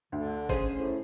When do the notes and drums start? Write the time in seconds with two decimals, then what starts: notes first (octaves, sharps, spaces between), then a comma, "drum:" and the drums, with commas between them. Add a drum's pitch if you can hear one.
0.12 D2 D3
0.49 C#4 G#4 C5, drum: kick G1
0.73 A2